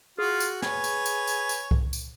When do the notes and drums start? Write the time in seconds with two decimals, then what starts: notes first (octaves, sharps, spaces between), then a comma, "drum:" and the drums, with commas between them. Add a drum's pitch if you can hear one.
0.18 F4 F#4 G#4
0.40 drum: tambourine
0.62 B4 C#5 G#5, drum: snare
0.84 drum: tambourine
1.06 drum: tambourine
1.27 drum: tambourine
1.49 drum: tambourine
1.71 drum: kick C2
1.93 drum: tambourine